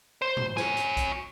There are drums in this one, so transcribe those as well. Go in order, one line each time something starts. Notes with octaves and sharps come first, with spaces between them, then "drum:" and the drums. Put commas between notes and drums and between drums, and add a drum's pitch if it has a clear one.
C5
drum: tom G#2
F#4 G#5, drum: snare
drum: hi-hat
drum: kick B1, hi-hat